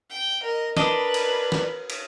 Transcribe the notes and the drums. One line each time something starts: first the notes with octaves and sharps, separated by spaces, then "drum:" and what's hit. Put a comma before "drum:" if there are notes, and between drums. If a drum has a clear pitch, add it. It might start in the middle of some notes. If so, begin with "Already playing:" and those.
G5
A#4 D#5
D4 A#4 B4 D#5, drum: snare
drum: cymbal
drum: snare
drum: cymbal